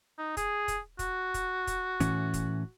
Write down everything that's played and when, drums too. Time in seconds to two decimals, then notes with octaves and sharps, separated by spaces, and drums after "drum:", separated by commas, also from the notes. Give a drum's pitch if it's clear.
0.18 D#4
0.37 G#4, drum: kick, hi-hat
0.68 drum: kick, hi-hat
0.99 F#4, drum: kick, hi-hat
1.34 drum: kick, hi-hat
1.67 drum: kick, hi-hat
2.00 A2 E3 C#4, drum: kick, hi-hat
2.34 drum: kick, hi-hat